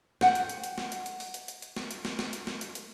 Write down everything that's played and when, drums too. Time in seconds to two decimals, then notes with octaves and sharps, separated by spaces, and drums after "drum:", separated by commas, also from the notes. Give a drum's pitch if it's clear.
0.21 F#5 G5, drum: snare
0.35 drum: hi-hat
0.49 drum: hi-hat
0.64 drum: hi-hat
0.78 drum: snare
0.92 drum: hi-hat
1.06 drum: hi-hat
1.20 drum: open hi-hat
1.34 drum: hi-hat
1.48 drum: hi-hat
1.62 drum: hi-hat
1.76 drum: snare
1.91 drum: hi-hat
2.05 drum: snare
2.19 drum: snare
2.33 drum: hi-hat
2.47 drum: snare
2.61 drum: hi-hat
2.75 drum: hi-hat